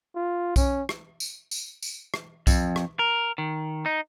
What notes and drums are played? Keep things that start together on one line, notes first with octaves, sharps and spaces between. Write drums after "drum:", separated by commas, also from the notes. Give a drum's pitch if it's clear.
F4
C#4, drum: kick B1, tambourine
drum: rim click
drum: tambourine
drum: tambourine
drum: tambourine
drum: rim click
F2, drum: kick B1, tambourine
drum: rim click
A#4
D#3
D#4